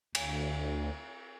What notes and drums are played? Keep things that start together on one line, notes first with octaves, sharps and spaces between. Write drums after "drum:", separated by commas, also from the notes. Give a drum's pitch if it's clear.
D2, drum: cymbal